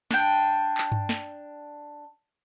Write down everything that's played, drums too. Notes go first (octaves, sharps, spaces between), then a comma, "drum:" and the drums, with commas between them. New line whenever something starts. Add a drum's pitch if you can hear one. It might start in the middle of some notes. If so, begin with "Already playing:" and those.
D4 G5, drum: snare
drum: clap
drum: tom G2
drum: snare